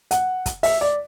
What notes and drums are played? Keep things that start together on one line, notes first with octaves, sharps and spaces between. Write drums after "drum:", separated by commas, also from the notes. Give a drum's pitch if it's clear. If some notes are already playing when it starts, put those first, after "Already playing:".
F#5, drum: hi-hat
drum: kick, hi-hat
E5, drum: open hi-hat
D5